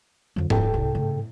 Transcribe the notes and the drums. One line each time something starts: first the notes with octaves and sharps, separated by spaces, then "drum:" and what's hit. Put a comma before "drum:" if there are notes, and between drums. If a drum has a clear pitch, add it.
F2 D3 F#3
D1 F2 D3 A4 G5, drum: tom G#2
C2
A2 C#3